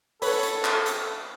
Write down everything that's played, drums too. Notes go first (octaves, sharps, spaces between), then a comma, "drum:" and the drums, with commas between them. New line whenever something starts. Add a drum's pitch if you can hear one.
A4 B4 C#5 B5, drum: open hi-hat
drum: hi-hat
drum: clap
drum: hi-hat